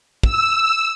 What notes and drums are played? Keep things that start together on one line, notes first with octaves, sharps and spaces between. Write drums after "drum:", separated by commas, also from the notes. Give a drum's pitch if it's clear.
E6, drum: kick